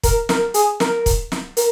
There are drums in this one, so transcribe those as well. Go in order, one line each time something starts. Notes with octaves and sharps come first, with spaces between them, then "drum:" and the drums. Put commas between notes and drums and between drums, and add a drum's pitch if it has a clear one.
A#4, drum: kick, hi-hat
A#4, drum: snare
G#4, drum: hi-hat
A#4, drum: snare
drum: kick, hi-hat
drum: snare
A#4, drum: hi-hat